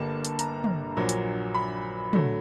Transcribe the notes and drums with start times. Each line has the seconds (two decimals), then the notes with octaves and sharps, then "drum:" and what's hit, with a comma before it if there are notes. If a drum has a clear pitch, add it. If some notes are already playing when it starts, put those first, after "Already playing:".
Already playing: G1 G2 D3 G3 A#3 A5
0.25 drum: hi-hat
0.39 A#5, drum: hi-hat
0.64 drum: tom
0.96 A#1 A#2 F#3
1.09 drum: hi-hat
1.54 B5
2.13 D3 F#3 A3, drum: tom